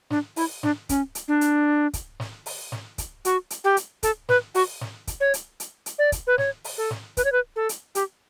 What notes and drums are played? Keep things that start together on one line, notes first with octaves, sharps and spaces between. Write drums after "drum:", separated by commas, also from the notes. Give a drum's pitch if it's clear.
D4, drum: snare
E4, drum: open hi-hat
D4, drum: snare
C#4, drum: kick, hi-hat
drum: hi-hat
D4
drum: hi-hat
drum: kick, hi-hat
drum: snare
drum: open hi-hat
drum: snare
drum: kick, hi-hat
F#4, drum: hi-hat
drum: hi-hat
G4
drum: hi-hat
A4, drum: kick, hi-hat
B4, drum: snare
F#4, drum: open hi-hat
drum: snare
drum: kick, hi-hat
C#5
drum: hi-hat
drum: hi-hat
drum: hi-hat
D5
drum: kick, hi-hat
B4
C#5, drum: snare
drum: open hi-hat
A4
drum: snare
B4, drum: kick, hi-hat
C#5
B4
A4
drum: hi-hat
G4, drum: hi-hat